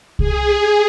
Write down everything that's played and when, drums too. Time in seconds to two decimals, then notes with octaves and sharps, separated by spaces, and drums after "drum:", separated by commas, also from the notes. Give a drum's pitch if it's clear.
0.19 G#4, drum: kick C2